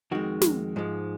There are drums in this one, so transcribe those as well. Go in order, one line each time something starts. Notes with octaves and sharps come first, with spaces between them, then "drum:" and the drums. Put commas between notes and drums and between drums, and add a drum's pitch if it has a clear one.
F2 D#3 G#3 F#4
drum: snare
G#2 F3 G#3